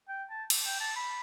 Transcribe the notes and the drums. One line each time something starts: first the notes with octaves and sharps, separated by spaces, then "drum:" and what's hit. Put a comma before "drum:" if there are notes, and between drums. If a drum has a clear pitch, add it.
G5
A5
drum: cymbal
G5
A5
B5